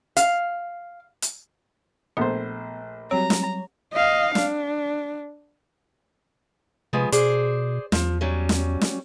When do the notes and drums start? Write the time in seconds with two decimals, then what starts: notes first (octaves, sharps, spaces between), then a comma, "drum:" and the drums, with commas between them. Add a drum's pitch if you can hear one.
0.17 F5, drum: hi-hat
1.22 drum: hi-hat
2.17 A#1 A3 B3 C5
3.11 F#3 G3 C4 C#5 A#5
3.30 drum: snare
3.94 D#5 F5
4.35 D4, drum: snare
6.93 C3 F3 G#3 B3
7.12 B2 G#4 C5 D5, drum: hi-hat
7.92 E2 F3, drum: snare
8.21 F#3 G3 C#4
8.49 drum: snare
8.81 drum: snare